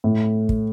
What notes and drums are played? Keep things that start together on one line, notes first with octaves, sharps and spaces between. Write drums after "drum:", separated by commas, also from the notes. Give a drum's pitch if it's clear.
A2
drum: kick